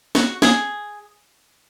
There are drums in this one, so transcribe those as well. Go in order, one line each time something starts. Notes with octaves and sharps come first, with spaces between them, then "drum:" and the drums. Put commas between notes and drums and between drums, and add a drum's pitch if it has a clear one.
F#4, drum: snare
G#4, drum: snare